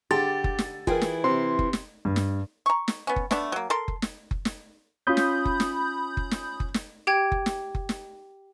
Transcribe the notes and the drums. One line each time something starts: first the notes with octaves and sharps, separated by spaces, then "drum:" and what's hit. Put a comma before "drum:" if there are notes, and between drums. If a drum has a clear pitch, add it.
D3 G4 G#4 A5 C6 A6
drum: kick F#1
drum: snare
E3 E4 F4 G#4 A#4 G5, drum: kick F#1
drum: snare
C3 C5 C6
drum: kick F#1
drum: snare
G2
drum: snare
A#5 C#6
drum: snare
B3 C#4
drum: kick F#1
A3 B3 D4, drum: snare
F#3 A#3
A4 A#4 C6
drum: kick F#1
drum: snare
drum: kick F#1
drum: snare
C#4 F4 B5 D#6 G6
drum: snare
drum: kick F#1
drum: snare
drum: kick F#1
drum: snare
drum: kick F#1
drum: snare
G4 G5 G#6
drum: kick F#1
drum: snare
drum: kick F#1
drum: snare